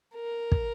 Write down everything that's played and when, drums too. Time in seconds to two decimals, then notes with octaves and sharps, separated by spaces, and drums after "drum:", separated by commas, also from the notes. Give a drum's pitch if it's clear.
0.15 A#4
0.52 drum: kick